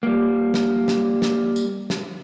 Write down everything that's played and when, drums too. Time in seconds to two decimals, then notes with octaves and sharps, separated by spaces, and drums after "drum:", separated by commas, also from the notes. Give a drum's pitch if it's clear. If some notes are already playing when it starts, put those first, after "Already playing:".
0.03 G3 A#3
0.54 drum: snare
0.88 drum: snare
1.22 drum: snare
1.56 drum: tambourine
1.90 drum: snare